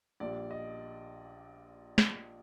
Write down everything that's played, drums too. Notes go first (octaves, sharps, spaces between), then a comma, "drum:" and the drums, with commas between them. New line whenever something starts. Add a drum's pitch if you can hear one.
A#1 A#2 G3 D5
D#5
drum: snare